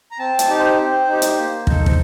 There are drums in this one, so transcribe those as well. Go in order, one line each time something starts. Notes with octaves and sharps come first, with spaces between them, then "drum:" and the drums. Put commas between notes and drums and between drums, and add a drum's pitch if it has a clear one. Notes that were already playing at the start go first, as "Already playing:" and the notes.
A#5
C4 A5
A5, drum: hi-hat
D#4 G4
C5
C4
D#4 G4
drum: hi-hat
A#3
D#4 A4, drum: kick
C5, drum: kick